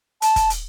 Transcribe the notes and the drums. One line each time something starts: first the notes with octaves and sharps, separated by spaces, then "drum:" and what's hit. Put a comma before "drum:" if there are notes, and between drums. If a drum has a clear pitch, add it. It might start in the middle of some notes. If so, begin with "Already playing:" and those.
A5, drum: hi-hat
drum: kick, hi-hat
drum: hi-hat